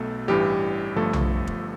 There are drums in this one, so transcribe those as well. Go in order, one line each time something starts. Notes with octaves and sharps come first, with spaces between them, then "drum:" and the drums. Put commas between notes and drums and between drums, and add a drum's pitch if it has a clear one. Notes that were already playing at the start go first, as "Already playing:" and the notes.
Already playing: B1 B2 A3 A4
A1 G2 E3 G3 G4
G1 G2 F3 A3 A4
drum: tom B1
drum: kick F1